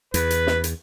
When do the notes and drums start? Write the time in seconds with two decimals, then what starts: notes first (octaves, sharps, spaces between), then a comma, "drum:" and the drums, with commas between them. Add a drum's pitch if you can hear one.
0.14 E2 B4, drum: hi-hat
0.31 drum: hi-hat
0.47 drum: snare
0.64 drum: hi-hat